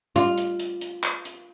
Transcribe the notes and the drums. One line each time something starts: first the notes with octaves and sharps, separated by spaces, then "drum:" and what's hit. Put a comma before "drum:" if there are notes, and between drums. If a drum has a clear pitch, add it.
F4, drum: hi-hat
drum: hi-hat
drum: hi-hat
drum: hi-hat
drum: clap
drum: hi-hat